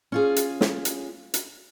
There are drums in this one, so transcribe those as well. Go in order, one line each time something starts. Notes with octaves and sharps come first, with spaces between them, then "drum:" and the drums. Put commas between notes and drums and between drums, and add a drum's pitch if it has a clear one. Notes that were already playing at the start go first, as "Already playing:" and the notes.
C#4 F4 G#4
drum: hi-hat
drum: snare
drum: hi-hat
drum: hi-hat